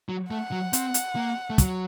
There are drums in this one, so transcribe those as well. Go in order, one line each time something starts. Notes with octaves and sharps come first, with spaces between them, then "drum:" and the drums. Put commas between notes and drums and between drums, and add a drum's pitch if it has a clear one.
F#3
A3 F#5
F#3
C4, drum: hi-hat
drum: hi-hat
A#3
A3
F#3, drum: kick, hi-hat